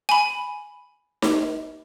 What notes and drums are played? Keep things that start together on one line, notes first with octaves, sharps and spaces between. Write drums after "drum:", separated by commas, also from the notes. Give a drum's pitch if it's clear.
G#5 B5
drum: snare D#4